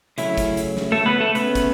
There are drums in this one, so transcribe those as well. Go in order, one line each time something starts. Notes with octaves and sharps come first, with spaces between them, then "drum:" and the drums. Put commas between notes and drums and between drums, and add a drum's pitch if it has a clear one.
C#3 F#3 A3 C#4 E4, drum: hi-hat
drum: kick, hi-hat
drum: hi-hat
drum: snare
A3 A4
B3 B4
A3 A4
C#3 A3 B3 C#4 B4, drum: hi-hat
drum: kick, hi-hat